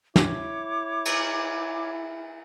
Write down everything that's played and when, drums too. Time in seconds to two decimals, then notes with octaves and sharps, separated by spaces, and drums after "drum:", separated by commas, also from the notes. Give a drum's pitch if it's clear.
0.16 E4 C#5 D6, drum: snare
1.05 drum: cymbal